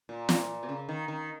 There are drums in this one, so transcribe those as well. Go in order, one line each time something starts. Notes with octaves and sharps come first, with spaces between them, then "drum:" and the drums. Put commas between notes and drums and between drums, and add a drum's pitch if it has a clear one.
A#2
drum: snare
B2
C#3
D#3
D#3